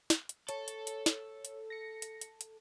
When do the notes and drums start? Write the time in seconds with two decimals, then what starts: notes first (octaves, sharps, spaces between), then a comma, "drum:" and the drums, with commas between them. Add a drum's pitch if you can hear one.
0.10 drum: snare
0.29 drum: hi-hat
0.49 A4 C#5, drum: hi-hat
0.68 drum: hi-hat
0.87 drum: hi-hat
1.06 drum: snare
1.45 drum: hi-hat
1.70 A#6 C#7
2.02 drum: hi-hat
2.21 drum: hi-hat
2.41 drum: hi-hat